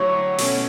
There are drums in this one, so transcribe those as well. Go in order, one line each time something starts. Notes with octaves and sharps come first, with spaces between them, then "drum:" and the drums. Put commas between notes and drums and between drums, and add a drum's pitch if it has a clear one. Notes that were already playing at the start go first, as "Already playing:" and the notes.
Already playing: D3 F#3 A3 E4 G4 C#5
B2 A3 C#4, drum: open hi-hat